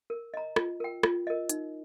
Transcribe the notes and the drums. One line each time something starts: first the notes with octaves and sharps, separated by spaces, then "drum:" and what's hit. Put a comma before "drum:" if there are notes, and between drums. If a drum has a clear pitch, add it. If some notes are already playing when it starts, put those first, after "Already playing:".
A#4
D#5 A#5
F4, drum: rim click
A#4 G5
F4, drum: rim click
A#4 D#5
D#4, drum: hi-hat